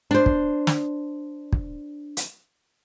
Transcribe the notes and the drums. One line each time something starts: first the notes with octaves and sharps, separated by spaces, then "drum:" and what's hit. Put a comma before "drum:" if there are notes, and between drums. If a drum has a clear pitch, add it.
D4 C5
drum: kick
drum: snare
drum: kick
drum: hi-hat